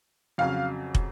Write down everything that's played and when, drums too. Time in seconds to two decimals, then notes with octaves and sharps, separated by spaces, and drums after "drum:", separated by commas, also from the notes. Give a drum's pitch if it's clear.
0.38 F2 C#3 F#3 F5
0.95 drum: kick